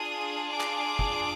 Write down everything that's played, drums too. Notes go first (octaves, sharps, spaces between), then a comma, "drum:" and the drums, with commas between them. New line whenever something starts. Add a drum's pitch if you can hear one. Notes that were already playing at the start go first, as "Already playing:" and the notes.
Already playing: D4 F4 G#4 D#6
D6
drum: clap
drum: kick